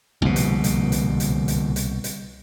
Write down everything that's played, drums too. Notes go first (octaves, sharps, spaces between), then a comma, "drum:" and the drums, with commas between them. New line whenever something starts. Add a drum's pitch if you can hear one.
C2 B2 D3 F3 A#3
drum: hi-hat
drum: hi-hat
drum: hi-hat
drum: hi-hat
drum: hi-hat
drum: hi-hat
drum: hi-hat